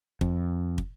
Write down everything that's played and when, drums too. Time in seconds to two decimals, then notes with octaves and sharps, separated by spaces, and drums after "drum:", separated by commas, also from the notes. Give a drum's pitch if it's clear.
0.21 F2, drum: kick
0.78 drum: kick